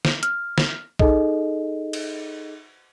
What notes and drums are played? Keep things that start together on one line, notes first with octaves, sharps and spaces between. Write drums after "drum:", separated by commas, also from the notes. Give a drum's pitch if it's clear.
drum: snare
F6, drum: hi-hat
drum: snare
D#4 G#4 A4 D#5, drum: kick
drum: cymbal